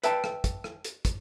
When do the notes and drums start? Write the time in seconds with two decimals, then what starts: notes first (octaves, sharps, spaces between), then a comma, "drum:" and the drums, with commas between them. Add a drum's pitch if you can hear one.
0.04 B4 E5 G5 A5, drum: hi-hat
0.24 drum: rim click
0.44 drum: kick, hi-hat
0.64 drum: rim click
0.85 drum: hi-hat
1.05 drum: kick, hi-hat